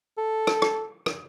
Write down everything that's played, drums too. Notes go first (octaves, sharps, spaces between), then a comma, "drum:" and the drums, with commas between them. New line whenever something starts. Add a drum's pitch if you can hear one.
A4
drum: rim click
drum: rim click
drum: rim click